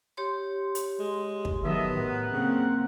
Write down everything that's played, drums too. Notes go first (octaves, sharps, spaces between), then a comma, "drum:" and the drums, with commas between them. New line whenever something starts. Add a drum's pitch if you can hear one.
G4 C#5 C6
drum: hi-hat
G#3
drum: kick
D#3 F#3 B3 A4 D#5 E5
A2 A#4 F#5
C#3 A#3 C4